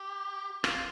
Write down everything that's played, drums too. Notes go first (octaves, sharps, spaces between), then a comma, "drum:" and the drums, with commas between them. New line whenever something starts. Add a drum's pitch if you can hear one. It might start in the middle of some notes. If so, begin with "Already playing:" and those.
Already playing: G4
F4, drum: rim click